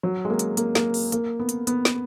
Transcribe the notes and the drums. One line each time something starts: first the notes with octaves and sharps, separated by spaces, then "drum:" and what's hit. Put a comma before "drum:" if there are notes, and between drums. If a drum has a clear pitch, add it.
F#3
G#3
A#3
drum: hi-hat
A#3, drum: hi-hat
A#3, drum: snare
drum: open hi-hat
A#3, drum: hi-hat
B3
drum: hi-hat
B3, drum: hi-hat
drum: snare